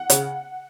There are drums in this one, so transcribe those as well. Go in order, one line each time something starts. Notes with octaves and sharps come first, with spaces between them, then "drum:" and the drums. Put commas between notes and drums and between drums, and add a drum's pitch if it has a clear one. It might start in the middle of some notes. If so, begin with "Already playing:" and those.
Already playing: F#5
C#3, drum: hi-hat